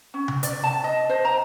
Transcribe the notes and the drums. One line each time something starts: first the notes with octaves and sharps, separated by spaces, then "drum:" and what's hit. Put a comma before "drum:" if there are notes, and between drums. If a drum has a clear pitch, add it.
C#4
drum: tom C3
D5, drum: hi-hat
A5
D#5
C5
A#5